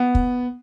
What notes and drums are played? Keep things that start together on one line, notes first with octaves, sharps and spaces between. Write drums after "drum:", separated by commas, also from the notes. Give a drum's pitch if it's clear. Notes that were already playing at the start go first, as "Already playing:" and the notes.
Already playing: B3
drum: kick